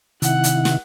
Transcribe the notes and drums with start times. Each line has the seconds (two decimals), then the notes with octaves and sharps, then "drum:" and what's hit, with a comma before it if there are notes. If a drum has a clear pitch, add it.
0.22 C3 D#3 E4 F#5, drum: hi-hat
0.44 drum: hi-hat
0.65 drum: snare